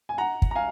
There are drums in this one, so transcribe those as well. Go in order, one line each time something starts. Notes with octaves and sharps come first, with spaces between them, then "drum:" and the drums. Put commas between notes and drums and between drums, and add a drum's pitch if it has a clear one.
G#5
F#5 A#5
drum: kick
A#5
F5 G#5